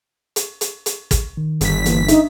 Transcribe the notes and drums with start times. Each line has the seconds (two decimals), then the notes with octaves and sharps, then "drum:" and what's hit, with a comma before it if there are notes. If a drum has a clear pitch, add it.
0.36 drum: hi-hat
0.61 drum: hi-hat
0.86 drum: hi-hat
1.11 drum: kick, hi-hat
1.37 D#3
1.61 G1 B6, drum: hi-hat
1.86 E3 A#3, drum: hi-hat
2.08 D4 D#4 E5, drum: hi-hat